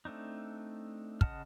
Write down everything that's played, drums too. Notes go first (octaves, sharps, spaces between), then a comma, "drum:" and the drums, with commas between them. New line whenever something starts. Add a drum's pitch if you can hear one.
A3 C4 D4 D#4
C#3 D#5 F#5 A5 F6, drum: kick